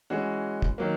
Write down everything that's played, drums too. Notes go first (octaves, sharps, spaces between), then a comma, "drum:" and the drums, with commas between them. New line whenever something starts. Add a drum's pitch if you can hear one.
E3 G#3 C#4 F#4
drum: kick
D#3 F#3 A#3